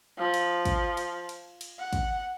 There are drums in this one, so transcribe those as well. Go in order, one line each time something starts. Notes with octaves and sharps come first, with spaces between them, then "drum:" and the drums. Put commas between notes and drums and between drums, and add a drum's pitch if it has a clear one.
F3
drum: cymbal
drum: kick, cymbal
drum: cymbal
drum: cymbal
drum: cymbal
F#5
drum: kick, cymbal